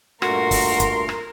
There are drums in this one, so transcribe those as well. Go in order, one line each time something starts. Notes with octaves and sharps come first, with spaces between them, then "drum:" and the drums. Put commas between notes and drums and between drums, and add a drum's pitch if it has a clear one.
G2 A#2 A3 F#4 A#4 C6, drum: rim click
drum: kick, open hi-hat
drum: kick, hi-hat
drum: rim click